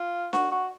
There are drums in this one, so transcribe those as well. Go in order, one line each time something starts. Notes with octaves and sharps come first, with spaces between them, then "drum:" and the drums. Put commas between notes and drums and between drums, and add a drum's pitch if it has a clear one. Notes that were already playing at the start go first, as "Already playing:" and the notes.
Already playing: F4
F#4, drum: snare D4
F#4